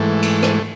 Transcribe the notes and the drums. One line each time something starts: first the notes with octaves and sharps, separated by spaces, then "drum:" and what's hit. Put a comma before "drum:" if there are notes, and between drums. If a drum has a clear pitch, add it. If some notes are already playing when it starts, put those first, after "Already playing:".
Already playing: G#2 E3 A3
drum: cymbal
drum: rim click